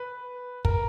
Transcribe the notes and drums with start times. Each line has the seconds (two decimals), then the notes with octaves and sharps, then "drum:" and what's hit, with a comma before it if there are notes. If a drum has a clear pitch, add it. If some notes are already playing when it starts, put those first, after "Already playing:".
Already playing: B4
0.65 A#4, drum: kick